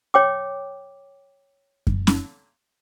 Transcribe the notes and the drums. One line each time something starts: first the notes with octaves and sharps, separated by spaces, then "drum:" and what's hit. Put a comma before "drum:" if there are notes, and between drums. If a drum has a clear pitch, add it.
C#5 G5 D6
drum: kick F#2
drum: snare